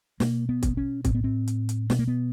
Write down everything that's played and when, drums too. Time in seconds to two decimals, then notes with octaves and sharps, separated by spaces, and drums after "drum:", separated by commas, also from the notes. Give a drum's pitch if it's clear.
0.20 B2 A#3, drum: snare
0.49 B3
0.63 drum: kick, hi-hat
0.77 C#4
1.05 A2 C4, drum: kick, hi-hat
1.15 B3
1.24 C4
1.48 drum: hi-hat
1.69 drum: hi-hat
1.90 B2 B3, drum: snare
1.99 A#3
2.08 B3